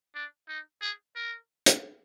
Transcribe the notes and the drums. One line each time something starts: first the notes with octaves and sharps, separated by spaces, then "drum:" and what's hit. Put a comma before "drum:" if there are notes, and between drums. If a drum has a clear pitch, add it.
D4
D#4
G#4
A#4
drum: hi-hat